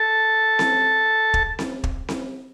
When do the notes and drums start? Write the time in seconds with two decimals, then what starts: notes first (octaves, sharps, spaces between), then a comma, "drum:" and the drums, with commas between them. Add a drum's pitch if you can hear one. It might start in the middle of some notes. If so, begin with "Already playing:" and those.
Already playing: A4 A5
0.59 drum: snare C4
1.34 drum: kick
1.59 drum: snare C4
1.84 drum: kick
2.08 drum: snare C4